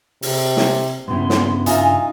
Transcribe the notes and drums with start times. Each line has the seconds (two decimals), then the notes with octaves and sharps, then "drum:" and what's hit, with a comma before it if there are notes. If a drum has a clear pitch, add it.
0.22 C3, drum: open hi-hat
0.57 drum: snare
1.08 G2 C#3 B3 E4 C6
1.30 drum: snare
1.66 D#4 F4 E5 G#5, drum: hi-hat